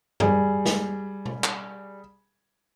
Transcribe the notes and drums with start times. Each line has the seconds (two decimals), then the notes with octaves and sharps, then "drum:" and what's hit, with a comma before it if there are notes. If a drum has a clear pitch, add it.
0.20 G3 G#4, drum: tom F#2
0.65 drum: snare
1.26 drum: tom B2
1.44 drum: clap